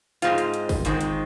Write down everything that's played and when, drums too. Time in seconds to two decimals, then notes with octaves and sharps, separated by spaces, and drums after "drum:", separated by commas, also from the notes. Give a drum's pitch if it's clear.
0.22 G#2 D#3 G#3 C4 F4, drum: hi-hat
0.38 drum: hi-hat
0.54 drum: hi-hat
0.69 drum: kick, open hi-hat
0.85 G#2 D#3 G#3 C4, drum: hi-hat
1.01 drum: hi-hat